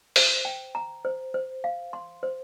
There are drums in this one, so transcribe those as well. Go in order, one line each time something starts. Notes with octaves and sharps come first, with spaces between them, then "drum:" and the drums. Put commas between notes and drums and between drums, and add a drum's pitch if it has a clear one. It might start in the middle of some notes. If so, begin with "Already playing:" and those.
C5, drum: open hi-hat
G5
A#5
C5
C5
F5
C6
C5